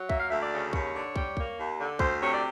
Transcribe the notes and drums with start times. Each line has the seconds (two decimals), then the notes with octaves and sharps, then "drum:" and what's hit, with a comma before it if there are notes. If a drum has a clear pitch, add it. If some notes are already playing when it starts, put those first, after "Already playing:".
Already playing: F#3
0.10 A#3 E5, drum: kick
0.20 F5
0.30 D2 E5
0.42 D5
0.53 C#3
0.73 D#2 C#5, drum: kick
0.95 D3
1.16 G3, drum: kick
1.37 A#3, drum: kick
1.58 D#2
1.79 D3
1.99 D2 C5, drum: kick
2.21 C3 C#5
2.33 D5